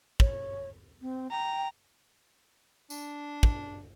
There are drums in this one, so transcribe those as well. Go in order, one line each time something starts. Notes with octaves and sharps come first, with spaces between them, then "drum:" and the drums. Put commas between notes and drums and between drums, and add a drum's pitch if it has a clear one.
C#5, drum: kick
C4
G5 A#5
D4, drum: tambourine
drum: kick